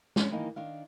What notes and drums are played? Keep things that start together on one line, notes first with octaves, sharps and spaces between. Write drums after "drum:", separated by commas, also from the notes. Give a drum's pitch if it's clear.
G#3 C#4 D4, drum: snare
D#3 E3 A#3 D#4 D#5
D#3 D4 F5